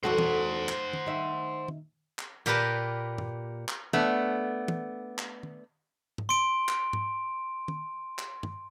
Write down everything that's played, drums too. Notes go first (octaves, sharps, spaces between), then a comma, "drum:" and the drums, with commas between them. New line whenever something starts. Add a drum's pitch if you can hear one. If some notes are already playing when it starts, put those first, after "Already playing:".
E2 F#4 A4 C5 F#5
drum: tom
drum: clap
drum: tom
D#3 E5
drum: tom
drum: clap
A#2 G4 A#4 B4 A5, drum: tom
drum: tom
drum: clap
A3 B3 D4, drum: tom
drum: tom
drum: clap
drum: tom
drum: tom G#2
C6 D7
drum: clap
drum: tom G#2
drum: tom
drum: clap
drum: tom